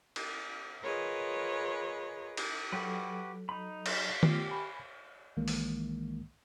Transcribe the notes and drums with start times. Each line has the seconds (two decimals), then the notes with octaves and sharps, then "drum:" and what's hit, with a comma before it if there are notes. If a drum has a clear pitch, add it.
0.16 drum: cymbal
0.82 F4 G#4 A#4 B4 C#5 D#5
2.37 drum: cymbal
2.72 F#3 F#4 G4 A4 B4
3.49 D#4 B5
3.86 drum: cymbal
4.23 A3 B3 F4 G4, drum: tom D#3
4.49 G#5 B5
5.37 B1 D#3 E3 G#3 A#3
5.48 drum: open hi-hat